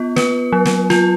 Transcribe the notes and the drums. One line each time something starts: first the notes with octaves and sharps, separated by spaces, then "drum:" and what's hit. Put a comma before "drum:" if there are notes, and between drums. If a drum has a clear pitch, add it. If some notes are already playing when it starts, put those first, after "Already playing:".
Already playing: B3 F4
B4, drum: snare
F#3
drum: snare
F4, drum: snare